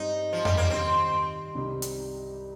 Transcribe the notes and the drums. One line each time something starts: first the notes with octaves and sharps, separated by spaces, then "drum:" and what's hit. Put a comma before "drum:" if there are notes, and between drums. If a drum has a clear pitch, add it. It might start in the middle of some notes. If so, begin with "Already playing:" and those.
Already playing: G2 G3 C4 D#4
F3
G3, drum: tom F2
A#3
C3 D#3 G3 C4
C2 C3 G3 D#4
drum: hi-hat